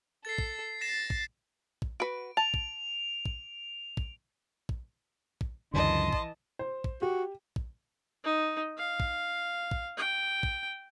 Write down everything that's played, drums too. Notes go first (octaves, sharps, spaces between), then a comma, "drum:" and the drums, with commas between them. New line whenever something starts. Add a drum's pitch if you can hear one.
A4 A6 C7
drum: kick A#1
A6 A#6 C7 E7
drum: kick A#1
drum: kick A#1
F#4 B4 D7
A5 F7
drum: kick A#1
drum: kick A#1
drum: kick A#1
drum: kick A#1
drum: kick A#1
C#2 F#2 D3 E3 D#5 A5 C6
drum: kick A#1
C5
drum: kick A#1
F#4 G4
drum: kick A#1
D#4
F5
drum: kick A#1
drum: kick A#1
G5
drum: kick A#1